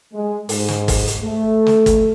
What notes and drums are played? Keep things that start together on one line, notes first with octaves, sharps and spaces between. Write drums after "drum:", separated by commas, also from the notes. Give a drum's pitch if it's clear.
G#3
G#2, drum: open hi-hat
drum: snare
drum: kick, open hi-hat
drum: hi-hat
A3
drum: snare
drum: kick, hi-hat